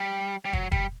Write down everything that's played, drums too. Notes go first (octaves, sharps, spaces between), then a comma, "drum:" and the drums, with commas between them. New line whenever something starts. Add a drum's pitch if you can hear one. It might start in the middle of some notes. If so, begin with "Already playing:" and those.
Already playing: G3
G3
F#3, drum: kick
G3, drum: kick